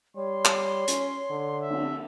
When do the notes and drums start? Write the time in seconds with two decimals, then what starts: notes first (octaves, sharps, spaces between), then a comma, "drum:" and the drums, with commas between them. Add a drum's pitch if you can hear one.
0.16 G3 C#5 C6
0.45 drum: clap
0.88 C#4, drum: hi-hat
1.30 D3
1.61 E5
1.70 drum: cymbal